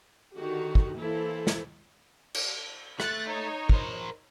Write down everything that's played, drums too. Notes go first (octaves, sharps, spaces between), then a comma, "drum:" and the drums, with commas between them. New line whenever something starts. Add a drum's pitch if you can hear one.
D3 D#3 F#4 G4
drum: kick
E3 A#3 E4 A4 C5
drum: snare
drum: cymbal
A3 F#6 A6, drum: rim click
D#4 C#5
A#4 C5, drum: kick